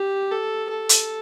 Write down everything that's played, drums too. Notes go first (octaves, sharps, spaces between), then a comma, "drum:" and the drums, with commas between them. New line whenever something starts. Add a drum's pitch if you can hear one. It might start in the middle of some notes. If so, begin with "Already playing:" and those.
Already playing: G4
A4
A4
drum: hi-hat